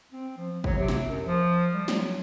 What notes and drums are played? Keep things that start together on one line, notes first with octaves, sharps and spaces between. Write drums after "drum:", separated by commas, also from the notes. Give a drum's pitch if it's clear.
C4
F3
F#3, drum: kick
C3
drum: snare
F#2
F3
G3
F#3, drum: snare